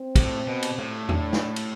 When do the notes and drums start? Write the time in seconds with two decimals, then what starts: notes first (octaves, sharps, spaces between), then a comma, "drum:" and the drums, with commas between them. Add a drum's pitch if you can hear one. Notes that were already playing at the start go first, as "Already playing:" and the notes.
Already playing: C4
0.16 A2, drum: kick, cymbal
0.47 B2
0.62 drum: cymbal
0.78 A2
1.09 D4, drum: tom
1.33 drum: snare
1.56 drum: cymbal